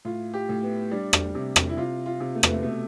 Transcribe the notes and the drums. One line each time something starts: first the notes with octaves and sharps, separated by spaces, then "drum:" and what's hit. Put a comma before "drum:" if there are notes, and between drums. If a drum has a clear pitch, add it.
A2 F4
G4
A2
B3
G3 D4
drum: rim click
C3
drum: rim click
E4
C3 F4
F4
C3
A3
B3, drum: rim click
A3
B2 A3